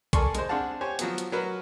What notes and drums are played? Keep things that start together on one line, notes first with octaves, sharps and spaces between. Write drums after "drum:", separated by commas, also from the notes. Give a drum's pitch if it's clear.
A4 A#4 D5 G#5 C6 C#6, drum: kick B1, hi-hat
G#3 C5, drum: hi-hat
C4 D4 G#4 F5 F#5 A5
G4 C5 C#5 G#5
F3 F#3 B3, drum: hi-hat
drum: hi-hat
F#3 A#4 B4